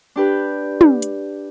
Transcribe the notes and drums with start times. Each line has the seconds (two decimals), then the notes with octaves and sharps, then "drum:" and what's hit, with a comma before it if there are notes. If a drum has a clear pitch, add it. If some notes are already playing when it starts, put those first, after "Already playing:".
0.16 D4 G4 B4
0.81 drum: tom
1.02 drum: hi-hat